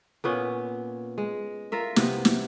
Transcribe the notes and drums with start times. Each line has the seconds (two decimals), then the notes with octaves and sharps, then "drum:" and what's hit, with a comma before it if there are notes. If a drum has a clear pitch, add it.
0.24 A#2 B3 C#4
1.18 G#3
1.72 F4 A#4 E5
1.96 C3 B3, drum: snare
2.25 drum: snare